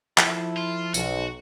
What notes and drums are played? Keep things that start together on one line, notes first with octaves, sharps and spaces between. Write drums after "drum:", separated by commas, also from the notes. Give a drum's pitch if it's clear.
F3 E4 A4, drum: clap
F4
B1 F#4, drum: tambourine